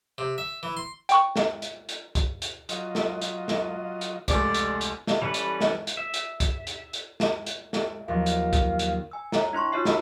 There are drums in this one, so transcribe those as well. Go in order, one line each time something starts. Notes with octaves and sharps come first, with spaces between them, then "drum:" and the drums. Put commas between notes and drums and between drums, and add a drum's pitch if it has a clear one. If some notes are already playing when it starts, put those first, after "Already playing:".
C3
E5
E3
C6
G5 C#6, drum: hi-hat
drum: snare
drum: hi-hat
drum: hi-hat
drum: kick, hi-hat
drum: hi-hat
F#3 F4 D#5, drum: hi-hat
drum: snare
drum: hi-hat
drum: snare
drum: hi-hat
F1 C#2 A3 D5, drum: kick, hi-hat
drum: hi-hat
drum: hi-hat
drum: snare
E3 G3 C#4 A4 B4
drum: hi-hat
drum: snare
drum: hi-hat
E5
drum: hi-hat
drum: kick, hi-hat
drum: hi-hat
drum: hi-hat
drum: snare
drum: hi-hat
drum: snare
D#2 F3 F#3 F5
drum: hi-hat
drum: kick, hi-hat
drum: hi-hat
G#5 E6
C#5 A#5, drum: snare
D4 E4 C6 C#6
D#4 F4 F#4 C#5 E5 C7
B5 E6, drum: snare